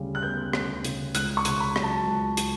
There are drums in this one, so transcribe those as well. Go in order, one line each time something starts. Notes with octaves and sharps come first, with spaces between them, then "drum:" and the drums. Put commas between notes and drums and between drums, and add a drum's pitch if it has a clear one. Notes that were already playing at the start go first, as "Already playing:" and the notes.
Already playing: D2 C#3 G3
F#6
B3 G6
D2, drum: rim click
C#3, drum: hi-hat
C#2 F#6, drum: hi-hat
C#6
C#3, drum: hi-hat
B5
F#3, drum: rim click
A5
C#2
drum: hi-hat